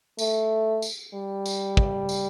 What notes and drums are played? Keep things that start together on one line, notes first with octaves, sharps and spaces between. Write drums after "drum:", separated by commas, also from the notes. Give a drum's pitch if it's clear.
A3, drum: tambourine
drum: tambourine
G3
drum: tambourine
drum: kick
drum: tambourine